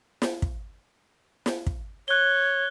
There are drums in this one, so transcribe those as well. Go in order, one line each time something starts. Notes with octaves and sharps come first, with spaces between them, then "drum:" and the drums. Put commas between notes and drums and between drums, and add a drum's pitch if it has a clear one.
drum: snare
drum: kick
drum: snare
drum: kick
C#5 F#6 G7